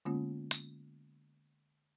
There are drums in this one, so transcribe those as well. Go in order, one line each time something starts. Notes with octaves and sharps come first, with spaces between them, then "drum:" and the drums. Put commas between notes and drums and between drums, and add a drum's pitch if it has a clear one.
D3 G#3 A#3 B3 C#4 F4
drum: open hi-hat